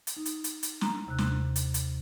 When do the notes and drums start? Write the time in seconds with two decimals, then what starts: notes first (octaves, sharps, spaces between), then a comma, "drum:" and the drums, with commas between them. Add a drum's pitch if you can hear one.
0.07 drum: hi-hat
0.16 D#4
0.26 drum: hi-hat
0.44 drum: hi-hat
0.63 drum: hi-hat
0.81 A#5, drum: snare
1.06 D#2 C3 F#6
1.18 drum: snare
1.56 drum: hi-hat
1.74 drum: hi-hat